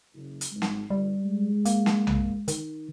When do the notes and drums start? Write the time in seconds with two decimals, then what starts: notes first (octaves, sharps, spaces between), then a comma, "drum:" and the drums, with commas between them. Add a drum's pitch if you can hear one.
0.14 F#1
0.41 drum: hi-hat
0.51 G#1 G#3
0.62 drum: snare
0.90 G1 G3 G4
1.23 G#3
1.65 A#3, drum: hi-hat
1.86 drum: snare
2.07 drum: tom B1
2.48 D#3, drum: hi-hat